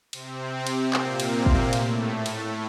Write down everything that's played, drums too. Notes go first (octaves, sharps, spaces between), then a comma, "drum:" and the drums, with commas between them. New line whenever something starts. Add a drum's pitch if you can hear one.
C3 C4, drum: cymbal
drum: cymbal
A#2 A#3, drum: clap
drum: cymbal
drum: kick
A2 A3, drum: cymbal
drum: cymbal